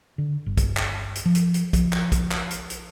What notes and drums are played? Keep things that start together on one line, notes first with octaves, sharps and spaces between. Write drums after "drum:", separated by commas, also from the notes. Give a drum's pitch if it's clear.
D3
G1
drum: kick, hi-hat
drum: clap
drum: hi-hat
F3
drum: hi-hat
drum: hi-hat
F3, drum: kick, hi-hat
drum: clap
drum: kick, hi-hat
drum: clap
drum: hi-hat
drum: hi-hat